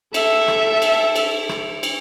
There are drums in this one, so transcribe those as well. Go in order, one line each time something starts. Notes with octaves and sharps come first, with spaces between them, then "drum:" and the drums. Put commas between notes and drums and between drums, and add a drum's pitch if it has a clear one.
A4 E5, drum: cymbal
drum: rim click
drum: cymbal
drum: cymbal
drum: rim click
drum: cymbal